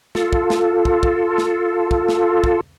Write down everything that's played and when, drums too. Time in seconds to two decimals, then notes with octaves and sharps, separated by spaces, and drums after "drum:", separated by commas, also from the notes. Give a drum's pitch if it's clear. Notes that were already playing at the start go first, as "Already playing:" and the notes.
0.15 F4 A4, drum: snare
0.33 drum: kick
0.50 drum: snare
0.85 drum: kick
1.03 drum: kick
1.38 drum: snare
1.91 drum: kick
2.08 drum: snare
2.44 drum: kick